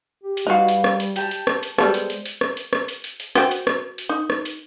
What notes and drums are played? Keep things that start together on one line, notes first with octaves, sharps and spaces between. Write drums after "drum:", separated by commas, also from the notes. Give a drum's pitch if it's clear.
G4
drum: hi-hat
G3 D#4 F#4 B4 F5
drum: hi-hat
drum: rim click
drum: hi-hat
G4 A5, drum: hi-hat
drum: hi-hat
drum: rim click
drum: hi-hat
G3 G#3 B3 A4 C5, drum: rim click
drum: hi-hat
drum: hi-hat
drum: hi-hat
drum: rim click
drum: hi-hat
drum: rim click
drum: hi-hat
drum: hi-hat
drum: hi-hat
F#4 C5 G5, drum: rim click
drum: hi-hat
drum: rim click
drum: hi-hat
D#4
drum: rim click
drum: hi-hat